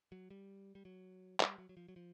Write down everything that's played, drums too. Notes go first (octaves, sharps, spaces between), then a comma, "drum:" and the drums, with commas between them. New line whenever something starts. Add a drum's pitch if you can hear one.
F#3
G3
G3
F#3
G3, drum: clap
F#3
F#3
F3
F#3
F3